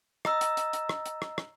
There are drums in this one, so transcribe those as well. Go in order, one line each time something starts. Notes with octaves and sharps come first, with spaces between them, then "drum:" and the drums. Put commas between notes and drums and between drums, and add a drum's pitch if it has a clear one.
D#5 A#5 E6, drum: rim click
drum: hi-hat
drum: hi-hat
drum: hi-hat
drum: rim click
drum: hi-hat
drum: rim click
drum: rim click